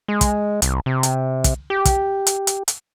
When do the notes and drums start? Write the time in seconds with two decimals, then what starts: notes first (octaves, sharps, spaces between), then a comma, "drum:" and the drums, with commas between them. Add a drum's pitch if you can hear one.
0.08 G#3
0.21 drum: kick, hi-hat
0.62 C2, drum: hi-hat
0.86 C3
1.03 drum: hi-hat
1.44 drum: kick, hi-hat
1.70 G4
1.85 drum: kick, hi-hat
2.27 drum: hi-hat
2.47 drum: hi-hat
2.68 drum: hi-hat